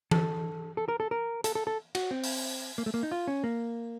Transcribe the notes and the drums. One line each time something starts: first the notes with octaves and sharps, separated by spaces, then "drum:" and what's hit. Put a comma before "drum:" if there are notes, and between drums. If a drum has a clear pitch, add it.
A4, drum: tom E3
A4
A#4
A4
A#4
A4, drum: hi-hat
A4
A4
F#4, drum: cymbal
C4
drum: open hi-hat
A#3
A3
A#3
D#4
F4
C#4
A#3